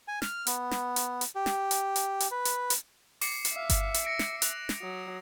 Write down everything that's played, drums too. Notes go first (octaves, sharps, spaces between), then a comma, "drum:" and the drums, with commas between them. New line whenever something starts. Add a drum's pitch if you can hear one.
G#5
F6, drum: snare
B3, drum: hi-hat
drum: snare
drum: hi-hat
drum: hi-hat
G4
drum: snare
drum: hi-hat
drum: hi-hat
drum: hi-hat
B4
drum: hi-hat
drum: hi-hat
D6 C7 C#7, drum: open hi-hat
drum: hi-hat
E5 F5
drum: kick G1, hi-hat
drum: hi-hat
A#6 C#7 D7
drum: snare
F#6 F7, drum: hi-hat
drum: snare
F#3 D#6